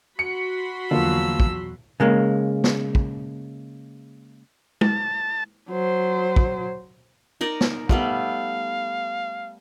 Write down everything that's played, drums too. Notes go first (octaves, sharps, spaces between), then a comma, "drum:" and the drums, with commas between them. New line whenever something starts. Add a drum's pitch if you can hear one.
F#4 B5 C6 C#7
E2 D3 F3 F#3 A#3 F4 E6
drum: kick
C#3 G#3 A#3
drum: snare
drum: kick
A5, drum: tom G#3
F#3 C5
drum: kick
D#4 A#4 D5
drum: snare
G3 A3 B3 F5, drum: kick